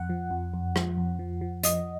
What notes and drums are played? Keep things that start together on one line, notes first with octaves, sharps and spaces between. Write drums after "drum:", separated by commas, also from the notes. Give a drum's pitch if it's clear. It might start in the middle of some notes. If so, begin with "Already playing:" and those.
Already playing: F2 F#5
F3
F2
F2
F3, drum: rim click
F2
F3
F3
F3 D#5, drum: hi-hat